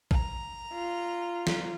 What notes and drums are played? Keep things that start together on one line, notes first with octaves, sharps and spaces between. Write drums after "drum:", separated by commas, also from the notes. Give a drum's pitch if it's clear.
A#5, drum: kick
F4
drum: snare